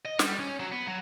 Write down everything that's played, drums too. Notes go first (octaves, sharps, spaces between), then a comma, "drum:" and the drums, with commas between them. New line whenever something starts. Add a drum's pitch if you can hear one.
D#5
G3, drum: snare
C#4
F#3
B3
F#3